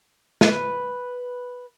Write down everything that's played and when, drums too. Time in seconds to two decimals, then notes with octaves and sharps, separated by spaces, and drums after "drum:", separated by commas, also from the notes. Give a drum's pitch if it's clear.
0.41 B4, drum: snare